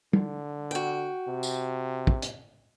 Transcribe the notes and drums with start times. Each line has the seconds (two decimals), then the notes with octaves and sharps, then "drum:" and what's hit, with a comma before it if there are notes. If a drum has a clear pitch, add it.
0.13 D3, drum: tom
0.71 F#4 G5
1.28 C3
1.43 drum: tambourine
2.07 drum: kick
2.22 drum: hi-hat